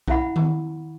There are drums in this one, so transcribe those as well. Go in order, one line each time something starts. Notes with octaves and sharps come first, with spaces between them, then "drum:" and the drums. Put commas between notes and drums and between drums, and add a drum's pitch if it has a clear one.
C#4 E4 E5 F#5 B5, drum: kick
drum: tom D#3